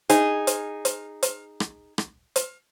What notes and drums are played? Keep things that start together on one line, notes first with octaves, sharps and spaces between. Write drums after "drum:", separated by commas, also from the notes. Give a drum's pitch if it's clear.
D#4 G#4, drum: hi-hat
drum: hi-hat
drum: hi-hat
drum: hi-hat
drum: rim click
drum: rim click
drum: hi-hat